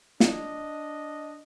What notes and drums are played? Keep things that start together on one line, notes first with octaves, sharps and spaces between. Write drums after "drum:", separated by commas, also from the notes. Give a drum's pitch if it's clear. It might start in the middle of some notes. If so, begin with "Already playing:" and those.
D4 D#5, drum: snare